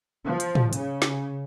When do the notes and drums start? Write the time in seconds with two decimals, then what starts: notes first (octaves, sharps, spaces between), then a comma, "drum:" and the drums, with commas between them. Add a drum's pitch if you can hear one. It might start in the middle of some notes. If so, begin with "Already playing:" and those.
0.24 F3
0.40 drum: hi-hat
0.55 drum: tom
0.73 C#3, drum: hi-hat
1.02 drum: snare